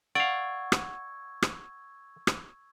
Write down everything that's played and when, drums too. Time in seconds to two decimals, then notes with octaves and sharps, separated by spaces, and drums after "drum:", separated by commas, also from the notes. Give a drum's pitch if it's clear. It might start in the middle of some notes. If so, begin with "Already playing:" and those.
0.15 D5 F5 F#5 C#6 E6 G#6
0.72 drum: rim click
1.42 drum: rim click
2.27 drum: rim click